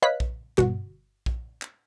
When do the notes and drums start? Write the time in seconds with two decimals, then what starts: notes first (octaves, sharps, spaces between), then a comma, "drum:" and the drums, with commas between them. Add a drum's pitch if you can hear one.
0.02 B4 C#5 D#5 F5 F#6 B6
0.20 drum: kick A#1
0.58 G1 B2 F#4, drum: clap
1.26 drum: kick A#1
1.62 drum: clap